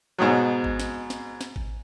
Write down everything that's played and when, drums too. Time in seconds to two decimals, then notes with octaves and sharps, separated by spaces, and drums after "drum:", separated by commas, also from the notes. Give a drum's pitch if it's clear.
0.18 G#2 B2 F#3
0.64 drum: kick G#1
0.80 drum: snare
1.10 drum: snare
1.41 drum: snare
1.56 drum: kick G#1